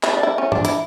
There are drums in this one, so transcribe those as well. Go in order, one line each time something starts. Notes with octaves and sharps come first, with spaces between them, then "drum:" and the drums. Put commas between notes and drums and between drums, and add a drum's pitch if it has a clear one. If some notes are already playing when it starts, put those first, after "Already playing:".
E4, drum: clap
D4
E4
C#4
D4, drum: tom G#2
E4, drum: hi-hat